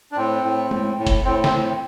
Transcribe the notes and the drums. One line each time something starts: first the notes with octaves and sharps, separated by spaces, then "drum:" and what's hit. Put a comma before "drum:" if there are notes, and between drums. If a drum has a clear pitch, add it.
D4
A2 C4
A2
A2, drum: tom G#3
A2
drum: kick F#1, hi-hat
A2 C4
C4, drum: snare
A2